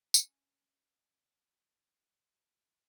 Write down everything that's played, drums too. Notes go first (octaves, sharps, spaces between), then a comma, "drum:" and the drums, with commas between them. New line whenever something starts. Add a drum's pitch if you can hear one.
C#4 E5 A#5, drum: tambourine